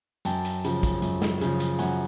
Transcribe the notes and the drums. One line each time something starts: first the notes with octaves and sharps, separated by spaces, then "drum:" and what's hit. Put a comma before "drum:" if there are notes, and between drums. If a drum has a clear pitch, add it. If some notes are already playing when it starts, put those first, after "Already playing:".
F#2 G5 A5, drum: hi-hat
drum: hi-hat
C#3 F3, drum: hi-hat
drum: kick, hi-hat
F#2, drum: hi-hat
drum: snare
C#3 F3, drum: hi-hat
drum: hi-hat
F#2 F#5 G#5, drum: hi-hat